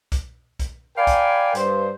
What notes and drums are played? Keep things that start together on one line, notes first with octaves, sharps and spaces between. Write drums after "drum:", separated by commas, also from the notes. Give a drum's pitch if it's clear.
drum: kick, hi-hat
drum: kick, hi-hat
A#4 D5 F5 G5 G#5 B5
drum: kick, hi-hat
G2 C5, drum: hi-hat